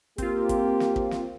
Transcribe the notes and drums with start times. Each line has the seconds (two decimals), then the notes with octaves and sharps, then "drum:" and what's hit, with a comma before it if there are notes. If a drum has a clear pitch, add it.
0.18 A#3 C4 F4 G4, drum: kick, hi-hat
0.49 drum: kick, hi-hat
0.80 drum: snare
0.96 drum: kick
1.11 drum: snare